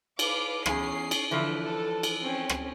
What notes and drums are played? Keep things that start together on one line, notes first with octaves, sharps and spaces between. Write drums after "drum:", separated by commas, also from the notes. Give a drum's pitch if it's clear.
B4 F5 D6, drum: cymbal
E2 C#4 G#4 C7, drum: rim click
drum: cymbal
D3 E3 F3 E5
A4
drum: cymbal
C4 C#4
drum: rim click